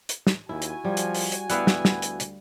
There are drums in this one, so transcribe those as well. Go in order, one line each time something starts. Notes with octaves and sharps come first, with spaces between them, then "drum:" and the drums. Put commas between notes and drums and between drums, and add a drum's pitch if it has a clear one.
drum: hi-hat
drum: snare
D#2 E4 F#4 G#5
drum: hi-hat
F3 G3
drum: hi-hat
drum: open hi-hat
drum: hi-hat
D2 G3 B3 E4 F5 F#5, drum: hi-hat
drum: snare
drum: snare
drum: hi-hat
drum: hi-hat